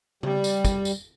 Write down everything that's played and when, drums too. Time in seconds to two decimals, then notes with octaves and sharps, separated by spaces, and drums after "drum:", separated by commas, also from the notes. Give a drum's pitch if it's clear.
0.23 G3, drum: tom
0.44 drum: tambourine
0.65 drum: kick, tambourine
0.85 drum: tambourine